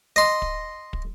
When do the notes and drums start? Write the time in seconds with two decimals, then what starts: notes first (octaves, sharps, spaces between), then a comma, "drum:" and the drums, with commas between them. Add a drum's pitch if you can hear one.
0.16 D#5 C6
0.42 drum: kick
0.93 drum: kick